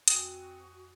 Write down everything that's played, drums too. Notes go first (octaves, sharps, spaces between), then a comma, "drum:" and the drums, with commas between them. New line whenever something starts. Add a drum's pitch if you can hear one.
F2 C4 F#4 G#5 D#6, drum: hi-hat